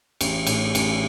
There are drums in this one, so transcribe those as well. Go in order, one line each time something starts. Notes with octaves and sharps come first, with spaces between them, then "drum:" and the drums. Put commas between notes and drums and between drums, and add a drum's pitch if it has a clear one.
A1, drum: cymbal
A2, drum: cymbal
A1, drum: cymbal